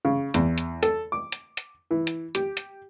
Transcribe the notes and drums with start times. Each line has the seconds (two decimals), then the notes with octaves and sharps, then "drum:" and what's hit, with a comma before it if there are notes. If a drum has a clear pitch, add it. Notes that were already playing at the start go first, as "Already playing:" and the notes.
0.05 C#3
0.34 E2, drum: hi-hat
0.58 drum: hi-hat
0.83 A4, drum: hi-hat
1.12 D6
1.32 drum: hi-hat
1.57 drum: hi-hat
1.91 E3
2.07 drum: hi-hat
2.35 G4, drum: hi-hat
2.57 drum: hi-hat